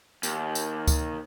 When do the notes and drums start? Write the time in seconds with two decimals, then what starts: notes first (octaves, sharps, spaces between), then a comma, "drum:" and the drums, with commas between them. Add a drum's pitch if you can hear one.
0.23 D#2, drum: tambourine
0.55 drum: tambourine
0.88 drum: kick C#2, tambourine